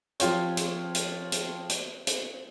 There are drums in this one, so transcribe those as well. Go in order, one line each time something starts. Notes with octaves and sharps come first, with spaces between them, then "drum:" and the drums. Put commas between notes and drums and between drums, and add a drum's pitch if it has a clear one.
F3 C4 F4 G4 C#5, drum: hi-hat
drum: hi-hat
drum: hi-hat
drum: hi-hat
drum: hi-hat
drum: hi-hat